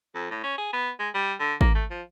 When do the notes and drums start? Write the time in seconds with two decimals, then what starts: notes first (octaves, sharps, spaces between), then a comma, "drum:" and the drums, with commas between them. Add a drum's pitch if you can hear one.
0.15 F2
0.31 A2
0.44 C#4
0.58 G#4
0.73 B3
0.99 G#3
1.14 G3
1.40 D3
1.61 A#3, drum: kick G#1
1.75 A3
1.90 F3